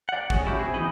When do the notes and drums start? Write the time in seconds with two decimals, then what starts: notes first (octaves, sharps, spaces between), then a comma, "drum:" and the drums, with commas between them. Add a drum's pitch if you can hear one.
0.09 D5 F#5
0.30 F#3 G#3 C#4, drum: kick
0.45 C#4 E4 F#4 G4
0.59 C3 B3 F#4 G#4
0.74 D2 E3 D#4 D#5 B5